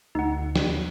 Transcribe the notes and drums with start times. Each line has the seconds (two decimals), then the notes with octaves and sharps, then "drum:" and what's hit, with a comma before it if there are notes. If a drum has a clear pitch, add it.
0.15 D2 D#4 F#5
0.56 drum: snare
0.66 D#2